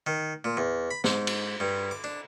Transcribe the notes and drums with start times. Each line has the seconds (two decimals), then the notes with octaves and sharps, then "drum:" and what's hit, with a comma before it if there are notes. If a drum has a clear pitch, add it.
0.07 D#3
0.44 A#2
0.57 E2
0.91 B5
1.04 G#2, drum: snare
1.27 drum: cymbal
1.60 G2
1.91 D6
2.04 D4